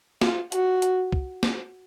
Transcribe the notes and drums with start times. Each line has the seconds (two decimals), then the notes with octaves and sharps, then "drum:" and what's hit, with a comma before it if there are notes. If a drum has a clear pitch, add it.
0.21 F4, drum: snare
0.52 F#4, drum: hi-hat
0.82 drum: hi-hat
1.12 drum: kick C2
1.43 drum: snare